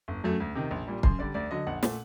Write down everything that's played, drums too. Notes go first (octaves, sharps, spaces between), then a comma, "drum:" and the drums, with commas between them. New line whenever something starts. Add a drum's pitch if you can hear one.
G1
F#2 F#3 A3
D2
C3 D#3
A#1
A#2 G3
F#2 C6, drum: kick
D3 G3 D5
D2 D5
D3 F#3 D#5
A#1 F#5
A#2 A3, drum: snare